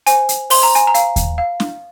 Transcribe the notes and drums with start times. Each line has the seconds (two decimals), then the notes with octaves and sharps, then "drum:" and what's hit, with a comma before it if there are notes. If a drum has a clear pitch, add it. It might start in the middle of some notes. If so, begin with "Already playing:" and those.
0.07 C5 G#5, drum: hi-hat
0.29 drum: hi-hat
0.50 C5 C6, drum: open hi-hat
0.63 A#5
0.75 G#5, drum: hi-hat
0.87 A#5
0.94 F5, drum: hi-hat
1.16 drum: kick D#2, hi-hat
1.38 F5
1.60 drum: snare